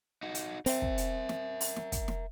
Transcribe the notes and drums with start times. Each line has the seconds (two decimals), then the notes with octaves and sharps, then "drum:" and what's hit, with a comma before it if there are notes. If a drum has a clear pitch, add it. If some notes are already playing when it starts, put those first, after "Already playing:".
0.23 D#4 F#4
0.35 drum: hi-hat
0.66 C4 A#4 E5, drum: open hi-hat
0.82 drum: kick
0.98 drum: hi-hat
1.29 drum: snare
1.61 drum: open hi-hat
1.76 drum: snare
1.92 drum: kick, hi-hat
2.08 drum: snare